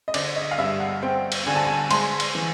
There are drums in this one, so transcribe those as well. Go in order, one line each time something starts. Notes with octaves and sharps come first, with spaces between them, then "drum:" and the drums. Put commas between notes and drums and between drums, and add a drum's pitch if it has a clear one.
D#5
D3 D5, drum: cymbal
D#5
F5
G2 E5
F#5
C4 G5
drum: cymbal
D3 G#5
A5
G#5
G#3 C6, drum: cymbal
drum: cymbal
E3